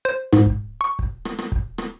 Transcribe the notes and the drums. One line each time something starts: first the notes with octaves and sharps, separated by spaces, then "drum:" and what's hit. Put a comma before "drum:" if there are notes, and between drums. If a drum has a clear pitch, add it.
C5
G#2, drum: rim click
drum: kick
C#6
drum: kick
drum: rim click
drum: rim click
drum: kick
drum: rim click